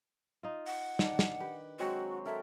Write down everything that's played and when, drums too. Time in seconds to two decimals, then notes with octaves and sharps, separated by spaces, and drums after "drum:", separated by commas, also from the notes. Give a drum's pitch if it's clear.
0.43 D#4 F4
0.66 F#5, drum: open hi-hat
0.99 D#3 D4, drum: snare
1.19 drum: snare
1.40 G4 B4
1.79 F#3 G#3 C4 F#4
2.26 A4 A#4 E5